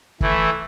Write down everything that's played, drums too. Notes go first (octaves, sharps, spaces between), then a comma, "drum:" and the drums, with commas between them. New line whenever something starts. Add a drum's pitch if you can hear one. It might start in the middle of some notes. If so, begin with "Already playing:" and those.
E3 A3 E4, drum: kick